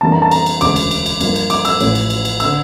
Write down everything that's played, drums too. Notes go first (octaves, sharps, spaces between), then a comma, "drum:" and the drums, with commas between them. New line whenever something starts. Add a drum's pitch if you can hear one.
F2 E3 G3 A#3 D4 A5
A#5
A5
A#5, drum: cymbal
drum: cymbal
E1 D2 C#3 D6, drum: cymbal
drum: cymbal
drum: cymbal
drum: cymbal
G2 F3 A#3, drum: cymbal
drum: cymbal
D6, drum: cymbal
E6, drum: cymbal
A1 A2 F3 C#4, drum: cymbal
drum: cymbal
drum: cymbal
drum: cymbal
D3 E6, drum: cymbal